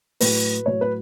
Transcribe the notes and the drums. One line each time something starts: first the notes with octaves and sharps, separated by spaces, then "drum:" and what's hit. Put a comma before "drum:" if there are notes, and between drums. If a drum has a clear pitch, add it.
A2 F#3 B4, drum: open hi-hat
A2 F#3 C#5
B4